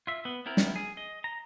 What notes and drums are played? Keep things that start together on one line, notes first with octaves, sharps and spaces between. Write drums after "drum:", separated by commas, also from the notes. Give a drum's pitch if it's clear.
F4 E5
B3
B3 C4 E4 A#4
drum: snare
G#4
D#5
A#5